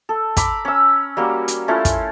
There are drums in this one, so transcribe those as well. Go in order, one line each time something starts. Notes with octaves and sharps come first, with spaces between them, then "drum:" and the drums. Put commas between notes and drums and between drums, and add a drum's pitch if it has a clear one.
A4
A#5 B5 D6, drum: kick, hi-hat
C#4 E6
G3 A#3 C#4 F#4
drum: hi-hat
A3 C#4 E4 F4
drum: kick, hi-hat